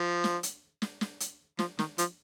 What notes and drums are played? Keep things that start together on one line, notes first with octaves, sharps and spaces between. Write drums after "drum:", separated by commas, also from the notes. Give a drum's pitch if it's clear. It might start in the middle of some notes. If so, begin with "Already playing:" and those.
Already playing: F3
drum: snare
drum: hi-hat
drum: snare
drum: snare
drum: hi-hat
F3, drum: snare
D#3, drum: snare
F3, drum: hi-hat